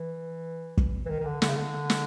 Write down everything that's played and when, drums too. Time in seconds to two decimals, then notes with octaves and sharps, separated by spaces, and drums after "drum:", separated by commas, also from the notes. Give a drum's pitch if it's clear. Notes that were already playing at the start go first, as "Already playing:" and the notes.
Already playing: E3
0.77 drum: kick
1.06 E3
1.09 D#3
1.20 D#3
1.25 D3
1.42 D3, drum: snare
1.49 C#3
1.57 D3
1.90 drum: snare